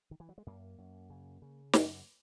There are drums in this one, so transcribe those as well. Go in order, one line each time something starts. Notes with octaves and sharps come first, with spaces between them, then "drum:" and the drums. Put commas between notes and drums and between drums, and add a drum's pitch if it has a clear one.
D#3
E3
F#3
G#3
F#2 A#3
F#2
C#3
C#3
F#2, drum: snare